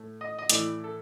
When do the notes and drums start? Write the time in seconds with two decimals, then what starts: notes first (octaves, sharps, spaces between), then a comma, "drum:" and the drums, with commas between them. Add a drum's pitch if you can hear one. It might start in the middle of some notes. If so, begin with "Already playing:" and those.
Already playing: A2 A3
0.21 D#5
0.39 D#5
0.50 A2 E3 A3 D5, drum: hi-hat
0.84 A4